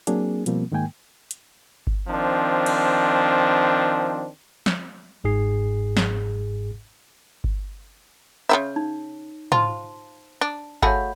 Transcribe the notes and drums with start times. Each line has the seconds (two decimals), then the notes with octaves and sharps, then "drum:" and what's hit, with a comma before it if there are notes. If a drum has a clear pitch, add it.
0.07 F#3 A#3 C4 D4 G#4, drum: hi-hat
0.46 B2 F3 G3 A#3 C4, drum: hi-hat
0.72 G#2 D#3 G#3 A#3 G5 G#5
1.31 drum: hi-hat
1.87 drum: kick G1
2.08 D#3 F3 C4 D4
2.66 drum: cymbal
4.66 drum: snare
5.24 G1 G#2 G#4 C7
5.97 drum: snare
7.44 drum: kick G1
8.49 C#3 E3 C#5 E5
8.76 D#4
9.52 F4 C5 A5 C6, drum: tom
10.41 D4
10.82 A3 F#4 G#4 C#5 F5 B5, drum: kick G1